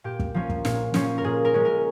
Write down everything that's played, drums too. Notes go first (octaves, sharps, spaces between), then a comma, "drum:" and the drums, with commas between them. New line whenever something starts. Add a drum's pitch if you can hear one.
A#2 G4
drum: kick
F3 A#3 C#4
drum: kick
A#2, drum: snare
F3 A#3 C#4, drum: snare
A#4
A#2 G#4
A#4
G#3 C#4
A#4